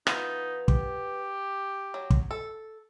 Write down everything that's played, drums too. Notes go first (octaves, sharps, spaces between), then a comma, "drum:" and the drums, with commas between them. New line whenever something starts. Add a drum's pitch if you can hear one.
E3 B3 D#4 F4, drum: rim click
G4, drum: kick
F#3
drum: kick
A4